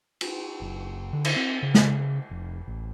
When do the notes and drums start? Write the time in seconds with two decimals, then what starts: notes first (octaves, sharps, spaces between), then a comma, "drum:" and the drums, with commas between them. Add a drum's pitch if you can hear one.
0.21 drum: cymbal
0.61 F#1
1.13 D3
1.24 drum: cymbal
1.36 C4
1.62 C#3
1.74 drum: snare
2.31 F1
2.67 A1